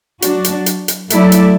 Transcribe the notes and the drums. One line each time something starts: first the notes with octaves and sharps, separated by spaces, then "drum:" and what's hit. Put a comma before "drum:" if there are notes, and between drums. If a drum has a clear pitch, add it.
F#3 D4 F#4, drum: hi-hat
drum: hi-hat
drum: hi-hat
drum: hi-hat
F#3 A3 E4 A4 D5, drum: hi-hat
drum: hi-hat